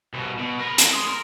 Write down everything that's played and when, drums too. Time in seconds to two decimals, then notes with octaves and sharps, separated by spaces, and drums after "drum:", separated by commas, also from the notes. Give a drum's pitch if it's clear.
0.13 C2 B2
0.39 B2
0.59 A#4 B4
0.78 drum: hi-hat
0.94 G#4 C6
1.08 A#4